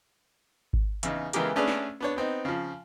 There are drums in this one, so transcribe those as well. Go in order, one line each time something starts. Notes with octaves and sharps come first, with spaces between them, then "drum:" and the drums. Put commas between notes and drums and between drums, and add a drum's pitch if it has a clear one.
drum: kick G#1
E2 C#3 D#4, drum: hi-hat
C#3 E3 G#3 B3 G4 A#4, drum: hi-hat
A3 C#4 D4 G#4 B4 D5
drum: snare
B3 D4 C#5
B3 C4 D#4
C#3 F3